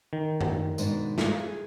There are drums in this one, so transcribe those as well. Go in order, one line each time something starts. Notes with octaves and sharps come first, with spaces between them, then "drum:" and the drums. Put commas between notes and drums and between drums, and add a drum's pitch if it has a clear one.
D#3
drum: tom F#2
G#2 B2 D4, drum: tambourine
G#3 E4 F4, drum: snare
G#4